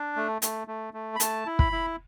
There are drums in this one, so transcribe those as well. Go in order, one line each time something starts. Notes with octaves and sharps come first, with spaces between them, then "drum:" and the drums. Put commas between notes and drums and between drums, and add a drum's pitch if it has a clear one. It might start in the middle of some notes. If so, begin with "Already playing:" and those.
Already playing: D4
A3
A3, drum: hi-hat
A3
A3
B5
A3 A5, drum: hi-hat
E4
B5, drum: kick
E4